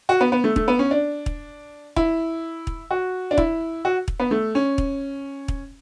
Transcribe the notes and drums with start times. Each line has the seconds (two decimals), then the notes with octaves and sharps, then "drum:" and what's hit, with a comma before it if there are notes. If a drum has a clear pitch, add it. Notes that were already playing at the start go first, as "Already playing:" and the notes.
0.09 F#4
0.21 B3
0.32 B3
0.44 A3
0.56 A3, drum: kick
0.68 B3
0.79 C#4
0.91 D4
1.26 drum: kick
1.96 E4, drum: kick
2.67 drum: kick
2.91 F#4
3.31 D4
3.38 E4, drum: kick
3.85 F#4
4.08 drum: kick
4.20 B3
4.31 A3
4.55 C#4
4.78 drum: kick
5.48 drum: kick